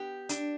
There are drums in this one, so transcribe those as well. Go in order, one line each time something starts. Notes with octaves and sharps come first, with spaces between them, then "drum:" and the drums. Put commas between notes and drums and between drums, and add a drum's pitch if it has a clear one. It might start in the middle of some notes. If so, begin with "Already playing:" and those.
Already playing: B3 G4
D4, drum: hi-hat